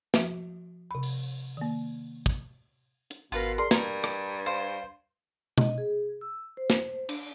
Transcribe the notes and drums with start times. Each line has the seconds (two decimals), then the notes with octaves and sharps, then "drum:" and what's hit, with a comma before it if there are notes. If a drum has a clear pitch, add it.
0.14 F3 F#4 E5, drum: snare
0.91 C3 B5
1.03 drum: open hi-hat
1.57 D#3 A#3
2.26 drum: kick
3.11 drum: hi-hat
3.32 G#1 B2 F4 A#4 B4 F5 A#6
3.58 G#4 A#4 D5 C6
3.71 G2 A#4 A#5 G#6, drum: snare
4.04 drum: rim click
4.46 C5 F5 C7
5.58 D#5, drum: tom B2
5.78 G#4
6.21 E6
6.57 C5
6.70 drum: snare
7.09 D4, drum: cymbal